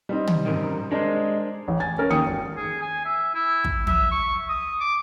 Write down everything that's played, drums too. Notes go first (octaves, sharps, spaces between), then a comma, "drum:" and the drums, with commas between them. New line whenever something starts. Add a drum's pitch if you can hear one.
G3 C4 D#4
drum: tom
F#2 C3 D#3
G#3 D4 A#4 C5
A1
G#5 A6
C#4 A#4
D#2 G5 D#6 C#7
G#1
G#4
G#5
E5
E4
drum: kick
E5, drum: tom
C#6
D#6
D6